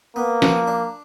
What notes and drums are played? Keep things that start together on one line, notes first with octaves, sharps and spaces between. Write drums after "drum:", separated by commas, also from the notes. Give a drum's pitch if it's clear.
A#3 B3
F3, drum: snare
D4